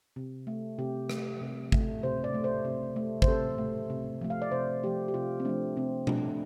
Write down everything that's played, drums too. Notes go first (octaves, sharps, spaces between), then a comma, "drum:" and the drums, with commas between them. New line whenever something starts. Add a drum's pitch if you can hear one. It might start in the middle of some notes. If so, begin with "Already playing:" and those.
C3
A3
C3 G4
A3, drum: rim click
C3
A3, drum: kick
C3 C5
D5
A3
C5
C3
A3
C5, drum: kick
C3 A4
A3
C3
F3 A3
F5
D5
C3 C5
F3 A3 G4
G4
C3 F4
C4
F3 A3 D4
C3 C4
F3 A3 D4, drum: tom B2
D4